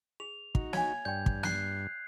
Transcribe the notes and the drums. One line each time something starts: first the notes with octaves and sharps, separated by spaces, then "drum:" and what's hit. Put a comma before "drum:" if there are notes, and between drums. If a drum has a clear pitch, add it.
G#4 F7
D#4 F#4, drum: kick
C#5 F5 G#5 G#6, drum: snare
G2 D5 G5 G6
drum: kick
F#6 C7, drum: snare